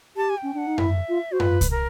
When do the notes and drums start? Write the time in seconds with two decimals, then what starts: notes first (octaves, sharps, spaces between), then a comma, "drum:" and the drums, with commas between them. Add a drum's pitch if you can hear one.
0.16 G4 A5
0.30 G#5
0.38 G5
0.43 C#4
0.54 D4 F#5
0.67 D#4
0.78 E4 E5, drum: tom F#2
1.09 F4
1.32 F#4 C5
1.40 F4 B4, drum: tom F#2
1.61 drum: kick C2, hi-hat
1.71 A#4